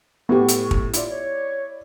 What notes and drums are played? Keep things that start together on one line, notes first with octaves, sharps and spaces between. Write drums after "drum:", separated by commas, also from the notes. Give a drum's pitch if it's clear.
A2 B3 G4 C#6
drum: hi-hat
drum: kick
E4 F4 D5, drum: hi-hat
C#5